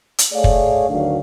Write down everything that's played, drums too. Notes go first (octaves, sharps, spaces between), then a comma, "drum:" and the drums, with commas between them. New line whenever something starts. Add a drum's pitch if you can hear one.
drum: hi-hat
A3 G#4 C#5 D5 F5
drum: kick
D2 D#3 F#3 D4 F5